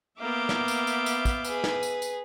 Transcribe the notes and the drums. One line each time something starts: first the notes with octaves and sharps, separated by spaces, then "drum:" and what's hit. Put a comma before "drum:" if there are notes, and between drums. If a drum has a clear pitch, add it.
A#3 B3 E5 F5 D6 G6
drum: snare
drum: tambourine
drum: tambourine
drum: tambourine
drum: kick, tambourine
G#4 B4, drum: tambourine
drum: snare
drum: tambourine
drum: tambourine